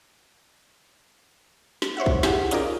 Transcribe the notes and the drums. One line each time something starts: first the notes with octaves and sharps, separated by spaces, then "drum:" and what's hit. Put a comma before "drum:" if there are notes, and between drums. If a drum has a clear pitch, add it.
drum: snare
C5 C#5 E5 F#5
drum: kick A#1
E4 G4 G#4 E5 F#5, drum: snare
C#4 D#4 F4 G#4 A#4 D5, drum: hi-hat